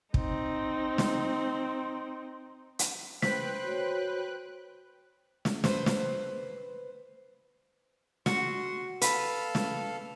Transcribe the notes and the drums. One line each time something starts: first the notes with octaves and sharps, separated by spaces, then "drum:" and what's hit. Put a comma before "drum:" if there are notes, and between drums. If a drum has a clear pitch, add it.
C4 D#4, drum: kick
drum: snare
drum: hi-hat
B4 C5 G5 F#6 B6, drum: snare
F#4 C#5
drum: snare
B4 C5, drum: snare
drum: snare
F#4 C6, drum: snare
A4 B4 F5, drum: hi-hat
drum: snare